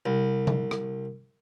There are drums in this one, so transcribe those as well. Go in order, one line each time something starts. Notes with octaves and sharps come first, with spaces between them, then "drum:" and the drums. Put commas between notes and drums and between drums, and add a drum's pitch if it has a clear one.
C2
drum: tom C3
drum: rim click